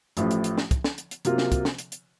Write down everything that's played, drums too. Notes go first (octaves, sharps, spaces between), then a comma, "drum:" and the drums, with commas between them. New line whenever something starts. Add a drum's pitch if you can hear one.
A1 A2 F3, drum: hi-hat
drum: hi-hat
drum: hi-hat
drum: snare
drum: kick, hi-hat
drum: snare
drum: hi-hat
drum: hi-hat
C3 F#3 A#3 F4, drum: hi-hat
drum: snare
drum: kick, hi-hat
drum: snare
drum: hi-hat
drum: hi-hat